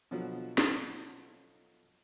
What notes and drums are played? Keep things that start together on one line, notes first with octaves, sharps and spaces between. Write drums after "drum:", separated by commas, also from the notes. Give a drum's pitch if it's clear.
B2 D3 F3 F#3
drum: snare